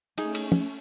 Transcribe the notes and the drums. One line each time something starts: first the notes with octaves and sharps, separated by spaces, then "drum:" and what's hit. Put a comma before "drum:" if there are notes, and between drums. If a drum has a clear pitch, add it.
A3 C#4 D#4 G#4, drum: cymbal
drum: cymbal
drum: tom